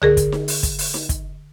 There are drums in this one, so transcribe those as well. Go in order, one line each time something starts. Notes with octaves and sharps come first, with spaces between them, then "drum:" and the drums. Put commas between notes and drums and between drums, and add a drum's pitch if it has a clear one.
D3 G#4 A#4, drum: tom C2
drum: kick, hi-hat
drum: snare D#4
drum: open hi-hat
drum: kick, hi-hat
drum: open hi-hat
drum: snare D#4
drum: kick, hi-hat